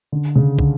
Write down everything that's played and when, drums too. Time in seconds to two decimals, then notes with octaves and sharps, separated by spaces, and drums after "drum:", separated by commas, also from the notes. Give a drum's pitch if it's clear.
0.12 D3
0.35 C#3
0.59 D3, drum: kick